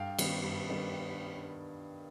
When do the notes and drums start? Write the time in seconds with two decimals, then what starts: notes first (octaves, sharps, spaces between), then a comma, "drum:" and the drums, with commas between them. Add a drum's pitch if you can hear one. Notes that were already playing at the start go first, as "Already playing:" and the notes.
Already playing: G2 F5 G5
0.19 D#3 G3 B3, drum: cymbal
0.44 G2
0.69 D#3 G3 B3